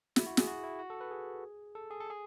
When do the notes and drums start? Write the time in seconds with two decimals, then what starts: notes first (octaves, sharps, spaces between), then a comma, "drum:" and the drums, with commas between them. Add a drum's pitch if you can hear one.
0.16 E4, drum: snare
0.26 F#4
0.37 G#4, drum: snare
0.47 F#4
0.64 E4
0.79 F#4
0.90 A4
1.01 B4
1.11 G#4
1.75 A4
1.91 G#4
2.00 A4
2.10 G#4